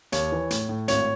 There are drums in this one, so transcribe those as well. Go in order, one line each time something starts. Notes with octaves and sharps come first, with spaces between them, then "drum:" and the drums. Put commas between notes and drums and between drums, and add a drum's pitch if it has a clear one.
D#2 C#5, drum: hi-hat
E3
A2, drum: hi-hat
A2
G#1 C#5, drum: hi-hat